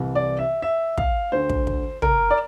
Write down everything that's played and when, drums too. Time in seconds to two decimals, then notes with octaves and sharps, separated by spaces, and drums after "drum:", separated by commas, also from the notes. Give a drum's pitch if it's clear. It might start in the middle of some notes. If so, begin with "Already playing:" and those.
Already playing: C2 C3 E3
0.15 D5
0.39 E5
0.62 E5
0.98 F5, drum: kick
1.32 D2 D3 C5
1.50 drum: kick
1.67 drum: kick
2.02 A#4, drum: tom
2.31 D5